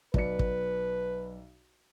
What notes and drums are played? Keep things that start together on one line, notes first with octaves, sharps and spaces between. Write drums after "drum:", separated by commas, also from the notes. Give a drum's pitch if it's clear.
B1 B4 D5 C#7, drum: kick
drum: kick